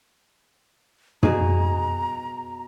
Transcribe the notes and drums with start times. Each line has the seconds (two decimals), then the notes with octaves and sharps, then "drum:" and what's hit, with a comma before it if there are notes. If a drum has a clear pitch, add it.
1.23 B2 G#4 A#5, drum: tom